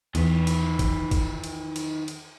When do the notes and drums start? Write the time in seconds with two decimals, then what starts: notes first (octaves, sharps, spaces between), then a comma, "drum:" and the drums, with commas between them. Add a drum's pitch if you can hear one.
0.15 E2 D#3 B4, drum: cymbal
0.47 drum: cymbal
0.79 drum: kick G1, cymbal
1.11 drum: kick G1, cymbal
1.44 drum: cymbal
1.76 drum: cymbal
2.08 drum: cymbal